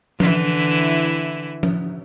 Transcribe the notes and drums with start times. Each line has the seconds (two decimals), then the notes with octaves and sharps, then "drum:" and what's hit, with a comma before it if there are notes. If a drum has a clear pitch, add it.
0.20 D3 E3 E4, drum: tom F3
1.63 drum: tom F3